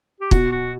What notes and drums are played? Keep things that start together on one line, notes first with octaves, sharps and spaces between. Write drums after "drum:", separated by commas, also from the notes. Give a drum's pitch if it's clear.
G4
B2 F#4, drum: kick
F#4